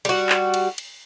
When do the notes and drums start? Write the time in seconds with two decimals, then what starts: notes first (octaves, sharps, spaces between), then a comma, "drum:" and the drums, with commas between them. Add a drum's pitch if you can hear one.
0.05 G3 F#4, drum: cymbal
0.29 drum: clap
0.54 drum: cymbal
0.78 drum: cymbal